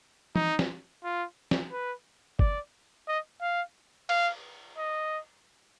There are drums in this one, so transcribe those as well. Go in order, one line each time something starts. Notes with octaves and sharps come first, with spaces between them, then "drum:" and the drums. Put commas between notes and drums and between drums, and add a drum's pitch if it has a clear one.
D#4, drum: tom E3
drum: snare
F4
drum: snare
B4
D5, drum: kick G1
D#5
F5
F5, drum: cymbal
D#5